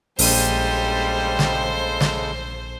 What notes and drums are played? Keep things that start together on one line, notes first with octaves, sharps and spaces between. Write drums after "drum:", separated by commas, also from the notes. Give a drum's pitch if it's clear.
A#1 C#3 G3 G#3 A4 C5 D#7, drum: open hi-hat
drum: snare
drum: snare